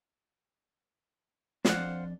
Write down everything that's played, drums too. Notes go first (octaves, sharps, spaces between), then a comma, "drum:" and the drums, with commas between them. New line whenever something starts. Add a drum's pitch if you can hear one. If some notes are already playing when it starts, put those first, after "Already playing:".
F2 D4 C5 F5 F#5, drum: snare